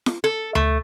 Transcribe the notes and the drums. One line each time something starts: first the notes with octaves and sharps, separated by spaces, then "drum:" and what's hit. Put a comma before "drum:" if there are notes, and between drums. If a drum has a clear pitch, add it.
drum: snare
A4
A3, drum: tom D2